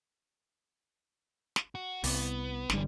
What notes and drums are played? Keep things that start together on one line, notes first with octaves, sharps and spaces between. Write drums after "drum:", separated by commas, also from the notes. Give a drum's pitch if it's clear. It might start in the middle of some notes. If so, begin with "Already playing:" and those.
drum: snare
F#4
C2 B3, drum: open hi-hat
G1 D3 E3 G3, drum: snare